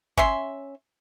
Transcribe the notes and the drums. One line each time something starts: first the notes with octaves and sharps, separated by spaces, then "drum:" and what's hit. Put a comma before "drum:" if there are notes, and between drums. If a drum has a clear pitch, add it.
C#4 E5 C6, drum: kick G1